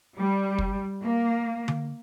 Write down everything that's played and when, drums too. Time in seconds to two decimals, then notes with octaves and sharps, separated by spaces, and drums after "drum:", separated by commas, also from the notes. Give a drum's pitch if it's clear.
0.17 G3
0.58 drum: kick
1.03 A#3
1.68 drum: tom D3